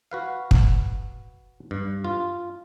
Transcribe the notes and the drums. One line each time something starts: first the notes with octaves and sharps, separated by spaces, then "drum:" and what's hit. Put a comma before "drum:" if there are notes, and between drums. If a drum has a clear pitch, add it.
F#4 B4 F5
drum: kick
G2
F4